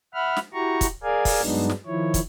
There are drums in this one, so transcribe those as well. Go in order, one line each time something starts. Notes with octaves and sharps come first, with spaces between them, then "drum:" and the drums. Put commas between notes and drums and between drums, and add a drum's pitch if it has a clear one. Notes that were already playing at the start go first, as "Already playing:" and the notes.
E5 F#5 B5 F6
drum: snare
E4 F#4 G4 A#5 C#6
drum: kick, hi-hat
G#4 A#4 D5 F5 G#5
drum: kick, open hi-hat
G2 F#3 G#3 B3 D4 D#4
drum: snare
D#3 F3 E4 C#5
drum: kick, hi-hat